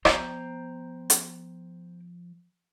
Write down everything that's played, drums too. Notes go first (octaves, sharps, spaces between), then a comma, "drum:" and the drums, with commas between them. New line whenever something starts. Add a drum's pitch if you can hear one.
F3 B3 C5 G5 A#5, drum: rim click
drum: hi-hat